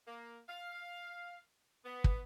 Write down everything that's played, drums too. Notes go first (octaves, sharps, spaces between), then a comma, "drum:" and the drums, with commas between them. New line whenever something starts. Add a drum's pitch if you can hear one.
A#3
F5
B3
drum: kick